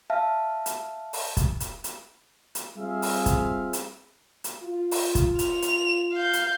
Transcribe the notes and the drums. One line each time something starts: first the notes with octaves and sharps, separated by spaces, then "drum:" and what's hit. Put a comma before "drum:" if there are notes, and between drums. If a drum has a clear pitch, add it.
E5 F5 A5 F6
drum: hi-hat
drum: open hi-hat
drum: kick, hi-hat
drum: hi-hat
drum: hi-hat
drum: hi-hat
G3 C4 F4 G#4 E5 F5
drum: open hi-hat
drum: kick, hi-hat
drum: hi-hat
drum: hi-hat
F4
drum: open hi-hat
drum: kick, hi-hat
F7, drum: hi-hat
drum: hi-hat
F5 G6
drum: hi-hat